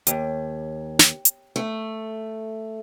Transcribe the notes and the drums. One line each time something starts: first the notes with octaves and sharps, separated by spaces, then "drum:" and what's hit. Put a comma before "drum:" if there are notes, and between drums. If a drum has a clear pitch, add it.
D#2, drum: hi-hat
drum: snare
drum: hi-hat
A3